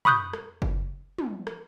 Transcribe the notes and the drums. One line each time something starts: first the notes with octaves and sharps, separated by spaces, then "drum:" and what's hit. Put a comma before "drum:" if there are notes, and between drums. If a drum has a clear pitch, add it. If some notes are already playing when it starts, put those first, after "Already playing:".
B5 C#6 D#6 F#6 G6, drum: tom
drum: rim click
drum: kick F#1
drum: tom
drum: rim click